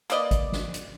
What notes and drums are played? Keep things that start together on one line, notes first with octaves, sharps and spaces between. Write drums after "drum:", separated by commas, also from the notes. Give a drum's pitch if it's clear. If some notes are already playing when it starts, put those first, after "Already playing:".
A#3 B4 D5 D#5, drum: hi-hat
drum: kick G#1, hi-hat
drum: snare
drum: hi-hat